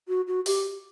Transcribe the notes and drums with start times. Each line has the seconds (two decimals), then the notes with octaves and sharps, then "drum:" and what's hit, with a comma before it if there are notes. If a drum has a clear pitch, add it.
0.08 F#4
0.27 F#4
0.46 G4, drum: open hi-hat